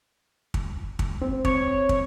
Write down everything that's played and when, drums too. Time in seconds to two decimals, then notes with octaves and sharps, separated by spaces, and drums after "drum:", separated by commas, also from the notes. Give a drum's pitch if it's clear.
0.54 drum: kick
0.99 drum: kick
1.22 C4
1.45 C#5, drum: kick
1.89 drum: kick